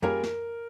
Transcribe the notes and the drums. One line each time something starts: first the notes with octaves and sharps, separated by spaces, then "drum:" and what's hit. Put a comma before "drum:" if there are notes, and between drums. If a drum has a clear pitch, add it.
G3 A#3 C#4 F4 G#4 A#4, drum: tom
drum: snare